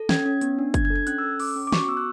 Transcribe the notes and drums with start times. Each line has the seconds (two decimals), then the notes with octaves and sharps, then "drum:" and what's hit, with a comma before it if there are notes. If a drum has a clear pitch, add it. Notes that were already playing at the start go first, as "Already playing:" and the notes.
Already playing: A4
0.09 C#4 G#6, drum: snare
0.25 C#4
0.41 B3, drum: hi-hat
0.59 D4
0.74 D4 G#6, drum: kick, hi-hat
0.85 G#6
0.90 A4
0.96 G#6
1.07 C#4 F#6, drum: hi-hat
1.18 E6
1.23 A4
1.40 C#4 D6, drum: open hi-hat
1.55 C#4
1.67 D6
1.72 F#4 C#6, drum: snare
1.88 B3 E6
1.97 F#6